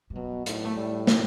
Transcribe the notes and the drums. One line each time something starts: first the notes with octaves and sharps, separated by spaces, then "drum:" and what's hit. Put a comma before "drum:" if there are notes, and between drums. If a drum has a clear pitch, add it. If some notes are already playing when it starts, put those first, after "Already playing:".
G3
B2 F#3
A2, drum: hi-hat
A3
A2 G3
drum: snare